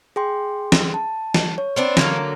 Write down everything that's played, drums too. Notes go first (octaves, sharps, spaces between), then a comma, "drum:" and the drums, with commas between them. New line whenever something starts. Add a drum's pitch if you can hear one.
G#4 G5 C6
drum: snare
A5
drum: snare
C#5
B3 C4 D4
D3 F#3 A#3, drum: snare